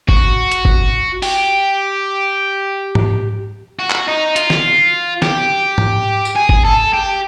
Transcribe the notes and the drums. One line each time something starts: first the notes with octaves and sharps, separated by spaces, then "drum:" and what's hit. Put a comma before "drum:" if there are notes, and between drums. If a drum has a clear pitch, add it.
F#4, drum: kick G1
drum: hi-hat
drum: kick G1
G4, drum: open hi-hat
drum: tom G#2
F#4
drum: clap
D#4
F4, drum: hi-hat
drum: snare
G4, drum: snare
drum: tom G#2
drum: tambourine
G#4
drum: kick G1
A4
G4